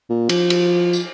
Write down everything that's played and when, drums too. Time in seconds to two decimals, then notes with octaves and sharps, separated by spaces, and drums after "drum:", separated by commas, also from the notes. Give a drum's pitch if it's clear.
0.10 A#2
0.29 F3, drum: cymbal
0.50 drum: cymbal
0.93 drum: tambourine